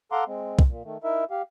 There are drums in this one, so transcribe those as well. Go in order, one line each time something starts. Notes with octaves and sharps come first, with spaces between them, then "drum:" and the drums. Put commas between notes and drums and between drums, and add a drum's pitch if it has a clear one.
A4 F5 F#5 A#5 C6 D6
G#3 C4
drum: kick
A#2
D#3 A3
D#4 E4 A#4 E5
G4 F5